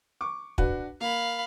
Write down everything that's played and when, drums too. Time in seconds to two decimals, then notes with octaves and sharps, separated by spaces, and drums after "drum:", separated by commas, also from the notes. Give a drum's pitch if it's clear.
0.21 C#6 D6
0.58 D4 F#4 B4, drum: kick
1.01 A#3 F5 B5